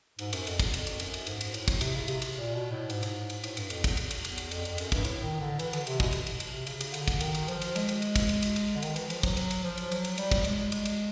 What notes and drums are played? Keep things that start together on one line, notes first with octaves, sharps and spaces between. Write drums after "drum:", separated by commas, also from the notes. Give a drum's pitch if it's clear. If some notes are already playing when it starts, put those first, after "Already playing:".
G#2, drum: cymbal
F#2, drum: cymbal
F2, drum: cymbal
E2, drum: kick, cymbal
F2, drum: cymbal
drum: cymbal
F#2, drum: cymbal
drum: cymbal
G#2, drum: cymbal
drum: cymbal
A2, drum: cymbal
drum: kick, cymbal
C3, drum: cymbal
C#3
C3, drum: cymbal
drum: cymbal
A#2
B2
A2
G#2, drum: cymbal
drum: cymbal
drum: cymbal
A2, drum: cymbal
G2, drum: cymbal
F2, drum: cymbal
E2, drum: kick, cymbal
drum: cymbal
drum: cymbal
E2, drum: cymbal
drum: cymbal
F2, drum: cymbal
F2, drum: cymbal
F#2, drum: cymbal
G2, drum: kick, cymbal
A2, drum: cymbal
D#3
D3
E3, drum: cymbal
D3, drum: cymbal
C3, drum: cymbal
B2, drum: kick
B2, drum: cymbal
drum: cymbal
drum: cymbal
C3
C#3, drum: cymbal
drum: cymbal
D3, drum: cymbal
drum: kick, cymbal
D#3, drum: cymbal
drum: cymbal
F3, drum: cymbal
drum: cymbal
G#3, drum: cymbal
drum: cymbal
drum: cymbal
drum: kick, cymbal
drum: cymbal
drum: cymbal
drum: cymbal
D3
D#3, drum: cymbal
E3, drum: cymbal
F3, drum: cymbal
F#3, drum: kick, cymbal
F#3, drum: cymbal
drum: cymbal
F3
drum: cymbal
F#3, drum: cymbal
drum: cymbal
G3, drum: cymbal
drum: kick, cymbal
G#3, drum: cymbal
drum: cymbal
drum: cymbal